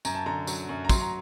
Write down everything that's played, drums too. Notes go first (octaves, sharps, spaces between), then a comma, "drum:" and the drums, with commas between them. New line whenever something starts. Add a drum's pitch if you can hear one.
F#2 A#5, drum: tambourine
A5
D3 A#5
F#3, drum: tambourine
F#2
A#5
F#3 C6, drum: kick, tambourine
A#5